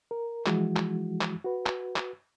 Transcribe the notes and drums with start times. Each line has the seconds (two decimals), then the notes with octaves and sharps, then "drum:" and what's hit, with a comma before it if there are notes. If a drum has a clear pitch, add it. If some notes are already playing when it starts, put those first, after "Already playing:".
0.11 A#4
0.46 E3 F3 G#3 E4 F#4, drum: clap
0.76 drum: clap
1.21 drum: clap
1.44 F#4 B4
1.66 drum: clap
1.96 drum: clap